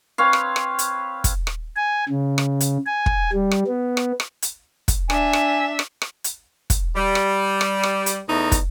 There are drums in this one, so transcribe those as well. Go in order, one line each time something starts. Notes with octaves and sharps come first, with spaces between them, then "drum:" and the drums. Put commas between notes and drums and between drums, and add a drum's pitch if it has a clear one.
C4 B4 C#5 F5
drum: rim click
drum: rim click
drum: hi-hat
drum: kick, hi-hat
drum: rim click
G#5
C#3
drum: rim click
drum: hi-hat
G#5
drum: kick
G3
drum: rim click
B3
drum: rim click
drum: rim click
drum: hi-hat
drum: kick, hi-hat
D4 E5 G#5, drum: rim click
drum: rim click
drum: rim click
drum: rim click
drum: hi-hat
drum: kick, hi-hat
G3
drum: rim click
drum: rim click
drum: rim click
drum: hi-hat
E2 A3 D#4
drum: kick, hi-hat